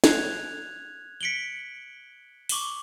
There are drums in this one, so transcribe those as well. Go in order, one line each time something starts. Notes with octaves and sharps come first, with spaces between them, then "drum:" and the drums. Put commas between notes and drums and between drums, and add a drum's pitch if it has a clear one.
F#6 G#6 F7, drum: snare
B6 C#7 D7 F#7 G7
C#6 D6 F#7 G7, drum: open hi-hat